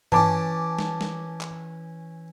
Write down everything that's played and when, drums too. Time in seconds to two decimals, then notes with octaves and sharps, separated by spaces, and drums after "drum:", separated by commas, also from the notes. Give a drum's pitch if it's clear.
0.12 E3 C#4 A5 D6, drum: tom G2
0.79 drum: snare
1.01 drum: snare
1.41 drum: clap